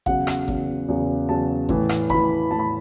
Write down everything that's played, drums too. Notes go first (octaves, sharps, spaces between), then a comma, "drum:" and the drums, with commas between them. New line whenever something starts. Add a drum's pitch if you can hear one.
E2 C#3 F#3 F#5, drum: kick G#1
F#5, drum: rim click
E2 C#3 F#3, drum: kick G#1
E2 C#3 F#3
E2 C#3 F#3 A5
A2 E3, drum: kick G#1
drum: rim click
A2 E3 B5, drum: kick G#1
A2 E3 A5
B5